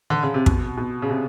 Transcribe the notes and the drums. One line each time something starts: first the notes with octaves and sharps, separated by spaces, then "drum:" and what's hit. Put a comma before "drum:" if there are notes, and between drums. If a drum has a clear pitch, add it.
D3
C#3
C3
B2, drum: kick
B2
C#3
C3